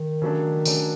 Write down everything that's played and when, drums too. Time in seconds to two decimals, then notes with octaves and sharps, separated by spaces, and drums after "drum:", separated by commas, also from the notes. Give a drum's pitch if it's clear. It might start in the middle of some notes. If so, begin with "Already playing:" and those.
Already playing: D#3
0.22 C#3 F#3 A3 D4
0.65 C#3 F#3 A3 D4, drum: tambourine